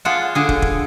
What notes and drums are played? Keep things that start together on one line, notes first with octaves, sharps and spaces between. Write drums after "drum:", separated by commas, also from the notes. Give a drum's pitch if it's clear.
F4 G#4 D5 F#5 A5
D3 G#4
drum: kick
drum: kick